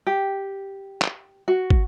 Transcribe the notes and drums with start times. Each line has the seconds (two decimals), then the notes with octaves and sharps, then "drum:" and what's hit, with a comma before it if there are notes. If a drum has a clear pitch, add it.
0.07 G4
1.02 drum: clap
1.48 F#4
1.70 drum: kick